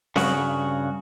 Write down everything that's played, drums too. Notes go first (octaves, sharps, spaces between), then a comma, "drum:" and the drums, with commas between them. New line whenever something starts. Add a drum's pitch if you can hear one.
G2 C#3 F#4, drum: snare C4